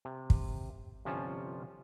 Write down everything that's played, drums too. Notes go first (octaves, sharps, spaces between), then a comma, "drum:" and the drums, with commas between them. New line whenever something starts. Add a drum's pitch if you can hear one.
C3
drum: kick
G1 C3 F3 C#4 F4 A5